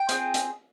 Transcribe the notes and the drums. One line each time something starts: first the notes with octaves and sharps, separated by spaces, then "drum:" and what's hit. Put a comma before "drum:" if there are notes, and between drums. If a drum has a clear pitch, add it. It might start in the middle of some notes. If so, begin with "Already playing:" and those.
Already playing: G5
C4 F4 G#4, drum: hi-hat
drum: hi-hat